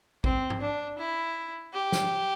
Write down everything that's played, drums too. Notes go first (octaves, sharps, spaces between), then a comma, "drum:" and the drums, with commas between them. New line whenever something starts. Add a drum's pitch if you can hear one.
C4, drum: kick A1
drum: tom G#2
D4
E4
G4
drum: snare